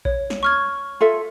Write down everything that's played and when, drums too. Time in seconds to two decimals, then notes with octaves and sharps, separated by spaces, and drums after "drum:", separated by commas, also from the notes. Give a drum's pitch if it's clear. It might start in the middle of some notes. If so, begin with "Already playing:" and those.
0.05 C#5, drum: kick A#1
0.30 drum: snare
0.43 C#6 F6 G#6
1.01 F4 A4 E5